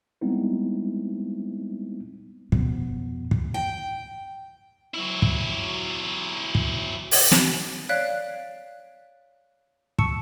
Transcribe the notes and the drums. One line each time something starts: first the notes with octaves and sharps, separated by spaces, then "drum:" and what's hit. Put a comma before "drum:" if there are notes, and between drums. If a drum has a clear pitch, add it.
G3 G#3 B3 C4 D#4 E4
F2 B2, drum: kick
drum: kick
G5
F#3 E4
drum: kick
drum: kick
drum: open hi-hat
drum: snare
C#5 D5 F5 F#6 B6 D7
A5 C#6 E6 C#7, drum: kick